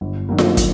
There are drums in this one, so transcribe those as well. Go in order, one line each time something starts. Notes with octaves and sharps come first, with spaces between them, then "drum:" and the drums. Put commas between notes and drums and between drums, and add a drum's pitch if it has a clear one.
G1
G2 D#3 F#3 A#3
drum: snare F4
drum: kick, hi-hat